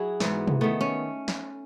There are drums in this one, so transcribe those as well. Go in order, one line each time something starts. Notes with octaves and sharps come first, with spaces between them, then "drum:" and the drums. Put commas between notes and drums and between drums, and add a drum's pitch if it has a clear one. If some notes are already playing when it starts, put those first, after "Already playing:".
Already playing: F#3 E4 F#4 G#4
G#2 E3 B3, drum: snare
drum: tom C3
D#3 A3 B3
C#4
drum: snare